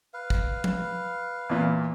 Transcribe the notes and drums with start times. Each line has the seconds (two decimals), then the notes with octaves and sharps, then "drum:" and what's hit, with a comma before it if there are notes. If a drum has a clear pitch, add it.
0.14 B4 F5
0.30 drum: kick
0.64 drum: tom F3
1.49 E2 A#2